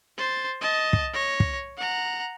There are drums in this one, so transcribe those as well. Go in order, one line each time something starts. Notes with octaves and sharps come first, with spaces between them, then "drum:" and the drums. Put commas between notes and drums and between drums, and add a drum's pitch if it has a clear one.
C5 A6
D#5 A5
drum: kick
C#5 A#6
drum: kick
F#5 A#5